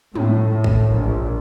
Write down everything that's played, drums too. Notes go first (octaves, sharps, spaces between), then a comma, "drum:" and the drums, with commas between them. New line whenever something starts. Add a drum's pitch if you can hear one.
A2, drum: tom
A2
drum: kick
A#1